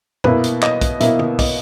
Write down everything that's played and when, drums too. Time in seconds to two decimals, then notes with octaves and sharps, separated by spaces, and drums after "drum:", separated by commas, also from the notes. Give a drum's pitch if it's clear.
0.24 B2 A#3 E4 B4, drum: tom
0.44 drum: hi-hat
0.63 D#5, drum: clap
0.81 drum: kick, hi-hat
1.00 B2 A#3 E4 E5, drum: hi-hat
1.19 drum: tom
1.39 D#5, drum: kick, open hi-hat